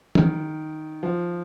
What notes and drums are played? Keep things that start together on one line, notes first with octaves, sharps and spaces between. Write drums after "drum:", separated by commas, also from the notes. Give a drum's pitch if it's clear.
D#3, drum: tom
F3